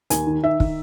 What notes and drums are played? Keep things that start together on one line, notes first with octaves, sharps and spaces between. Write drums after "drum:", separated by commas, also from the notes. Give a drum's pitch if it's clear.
D#2 G#5, drum: hi-hat
D#3
D#3 E5
D#3, drum: kick